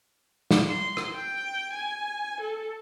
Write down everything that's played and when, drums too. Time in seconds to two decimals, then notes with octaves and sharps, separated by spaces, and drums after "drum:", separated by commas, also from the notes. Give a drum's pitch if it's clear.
0.51 drum: snare
0.67 C6
0.97 drum: rim click
1.14 G5
1.73 G#5
2.40 A4